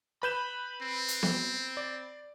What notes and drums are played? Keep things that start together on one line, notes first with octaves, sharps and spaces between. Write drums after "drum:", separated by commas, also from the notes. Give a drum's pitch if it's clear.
B4 B5 G6 E7
C4
drum: hi-hat
drum: snare B3
D5